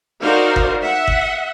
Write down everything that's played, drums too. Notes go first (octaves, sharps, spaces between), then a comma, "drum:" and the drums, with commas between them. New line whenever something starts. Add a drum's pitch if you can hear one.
D#4 F#4 A#4 C5 D5 F5
drum: kick F#1
E5 F#5
drum: kick F#1